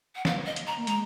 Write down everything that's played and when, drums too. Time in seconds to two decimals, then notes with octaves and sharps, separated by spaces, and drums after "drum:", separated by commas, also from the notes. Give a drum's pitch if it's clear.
0.15 F#5
0.25 F5, drum: snare
0.46 D#5
0.56 drum: hi-hat
0.67 A#5
0.77 A#3
0.87 G#3 A#5, drum: hi-hat